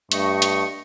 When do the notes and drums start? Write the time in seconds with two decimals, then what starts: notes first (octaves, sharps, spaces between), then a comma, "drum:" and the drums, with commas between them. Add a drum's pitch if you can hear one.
0.12 G2 A3 D#5 C#6, drum: hi-hat
0.42 drum: hi-hat